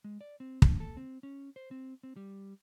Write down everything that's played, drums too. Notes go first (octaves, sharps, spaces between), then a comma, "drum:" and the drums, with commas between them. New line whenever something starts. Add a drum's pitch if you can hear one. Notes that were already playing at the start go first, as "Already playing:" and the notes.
G#3
D5
C4
D3, drum: kick
A4
C4
C#4
C5
C4
C4
G3